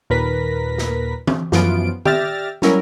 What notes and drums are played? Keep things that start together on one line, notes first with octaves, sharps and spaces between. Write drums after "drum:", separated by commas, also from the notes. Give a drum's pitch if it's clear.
D#2 A#2 A#4 B4 A#6 B6
drum: snare
drum: tom
F#2 E3 F3 B3 F4 D7, drum: snare
G4 D5 E5 F6 A6 A#6, drum: tom
F#3 G3 C#4 E4 A#4, drum: snare